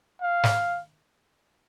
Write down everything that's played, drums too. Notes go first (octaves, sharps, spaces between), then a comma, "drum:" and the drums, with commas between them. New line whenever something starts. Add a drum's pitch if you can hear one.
F5
drum: snare